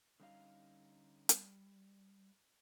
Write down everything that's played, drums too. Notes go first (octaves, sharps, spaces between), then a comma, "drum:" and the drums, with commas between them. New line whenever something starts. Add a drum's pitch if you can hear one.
D3 G3 C#4 D#4 F5
G3, drum: hi-hat